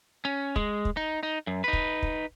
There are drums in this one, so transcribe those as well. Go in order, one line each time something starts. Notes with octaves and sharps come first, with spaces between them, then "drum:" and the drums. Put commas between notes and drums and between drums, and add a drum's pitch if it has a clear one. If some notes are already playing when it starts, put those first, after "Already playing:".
C#4
G#3, drum: kick
drum: kick
D#4
D#4
F#2
D#4 B4
drum: kick
drum: kick